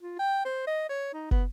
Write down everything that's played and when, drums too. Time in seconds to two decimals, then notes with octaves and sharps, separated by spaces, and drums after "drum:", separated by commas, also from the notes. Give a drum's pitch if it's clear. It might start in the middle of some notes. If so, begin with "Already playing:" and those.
0.02 F4
0.19 G5
0.45 C5
0.67 D#5
0.89 C#5
1.14 D#4
1.31 B3, drum: kick